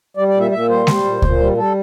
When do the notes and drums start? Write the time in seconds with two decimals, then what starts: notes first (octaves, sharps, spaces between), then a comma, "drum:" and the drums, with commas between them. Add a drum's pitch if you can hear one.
0.17 G3 D5
0.28 D5
0.34 A#2
0.40 E5
0.51 A#2 E5
0.69 G3 C5
0.87 G3, drum: snare G#3
1.05 A#2
1.22 A#2, drum: kick C#2
1.40 G3
1.57 G3 A4